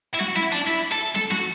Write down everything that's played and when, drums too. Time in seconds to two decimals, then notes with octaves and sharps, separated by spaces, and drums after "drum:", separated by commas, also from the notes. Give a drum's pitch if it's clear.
0.14 E4
0.20 F#4, drum: snare
0.36 E4, drum: snare
0.52 D4
0.67 E4, drum: hi-hat
0.92 A4
1.15 A4, drum: snare
1.31 F#4, drum: snare